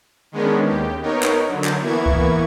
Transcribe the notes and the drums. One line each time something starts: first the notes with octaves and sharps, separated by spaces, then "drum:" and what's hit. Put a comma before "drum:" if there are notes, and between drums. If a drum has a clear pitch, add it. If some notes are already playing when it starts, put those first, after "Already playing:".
D#3 G#3 B3 C#4 D4
D#2 G4
B3 D#4 A#4 C#5
drum: clap
D3 F#3
drum: clap
E3 A#3 B3 E4 C#6 G#6
drum: kick C#2